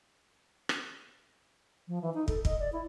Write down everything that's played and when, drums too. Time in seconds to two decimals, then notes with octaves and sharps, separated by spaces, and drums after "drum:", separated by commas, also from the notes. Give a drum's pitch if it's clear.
0.69 drum: rim click
1.88 F3
2.02 E3
2.14 D#4
2.28 A4, drum: kick
2.45 D#5, drum: kick
2.60 D5
2.73 E4